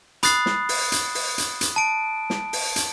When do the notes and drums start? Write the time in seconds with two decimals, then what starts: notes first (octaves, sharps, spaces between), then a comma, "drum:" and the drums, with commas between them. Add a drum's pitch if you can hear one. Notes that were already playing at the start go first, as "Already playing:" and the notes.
0.23 B5 D#6 F#6 A6 C7, drum: hi-hat
0.46 drum: snare
0.69 drum: open hi-hat
0.92 drum: hi-hat
1.15 drum: open hi-hat
1.38 drum: hi-hat
1.61 drum: hi-hat
1.76 A5 D7
2.30 drum: snare
2.53 drum: open hi-hat
2.76 drum: hi-hat